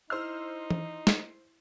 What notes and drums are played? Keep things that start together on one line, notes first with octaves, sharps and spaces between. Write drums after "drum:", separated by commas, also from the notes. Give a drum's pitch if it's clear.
D#4 E4 C5 E6 F6 C7
drum: tom E3
drum: snare